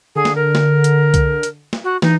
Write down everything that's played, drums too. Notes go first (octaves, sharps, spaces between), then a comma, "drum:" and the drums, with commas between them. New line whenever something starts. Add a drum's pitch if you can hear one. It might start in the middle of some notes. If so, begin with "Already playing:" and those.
D3 G#4
drum: snare
A#4
drum: snare
drum: hi-hat
drum: kick C2, hi-hat
drum: hi-hat
drum: snare
F#4
E3 D#4, drum: snare